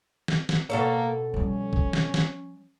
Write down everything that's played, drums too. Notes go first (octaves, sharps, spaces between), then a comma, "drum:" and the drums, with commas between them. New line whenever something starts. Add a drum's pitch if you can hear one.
drum: snare
drum: snare
B2 A#3 A4 C#5
F3 G3 C#4
drum: kick
drum: snare
drum: snare